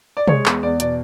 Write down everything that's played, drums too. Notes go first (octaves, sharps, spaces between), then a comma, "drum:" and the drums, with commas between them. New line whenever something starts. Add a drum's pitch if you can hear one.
D5
G#3 C#5, drum: tom
E2, drum: clap
E2 D5
B2 D5, drum: hi-hat